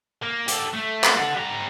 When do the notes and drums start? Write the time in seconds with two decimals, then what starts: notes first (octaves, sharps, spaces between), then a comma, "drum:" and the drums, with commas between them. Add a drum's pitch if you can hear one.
0.23 A#3
0.48 G4 A4, drum: hi-hat
0.74 A3
1.04 drum: clap
1.17 A4 F#5
1.36 G3 A#5